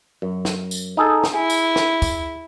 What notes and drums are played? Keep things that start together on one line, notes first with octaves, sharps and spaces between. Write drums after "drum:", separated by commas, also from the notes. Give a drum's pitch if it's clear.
F#2
drum: snare
drum: tambourine
D#4 G#4 A4
drum: snare
E4 G#4
drum: tambourine
drum: snare
drum: kick, tambourine